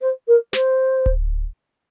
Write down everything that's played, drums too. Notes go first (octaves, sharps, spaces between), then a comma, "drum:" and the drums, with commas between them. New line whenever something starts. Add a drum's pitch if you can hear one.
C5
A#4
C5, drum: snare
drum: kick D1